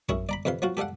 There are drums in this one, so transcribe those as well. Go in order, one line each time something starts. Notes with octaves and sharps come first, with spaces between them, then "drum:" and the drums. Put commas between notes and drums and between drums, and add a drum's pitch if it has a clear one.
F#2 E4 G#4 C#6, drum: kick
D5 A#5 B5
F2 C3 B4 F5 C6
F3 F#3 F4 F#4
G4 A4 D5 F5 F#5